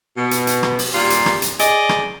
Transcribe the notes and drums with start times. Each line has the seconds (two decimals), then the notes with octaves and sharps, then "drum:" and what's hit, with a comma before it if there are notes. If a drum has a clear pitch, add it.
0.17 B2
0.31 drum: hi-hat
0.47 drum: hi-hat
0.63 drum: rim click
0.79 drum: open hi-hat
0.94 D#2 A#2 G3 F4
1.10 drum: hi-hat
1.26 drum: rim click
1.42 drum: hi-hat
1.59 G#4 D5 D#5, drum: hi-hat
1.89 drum: rim click